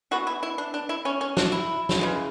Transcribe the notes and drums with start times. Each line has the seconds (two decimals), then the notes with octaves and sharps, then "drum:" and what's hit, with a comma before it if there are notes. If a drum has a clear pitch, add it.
0.11 E3 B3 F#4
0.27 E4
0.43 E4
0.58 D4
0.74 D4
0.89 E4
1.05 C#4
1.21 C#4
1.37 D4, drum: snare
1.52 E4
1.89 drum: snare
1.99 C#3 E3 G#3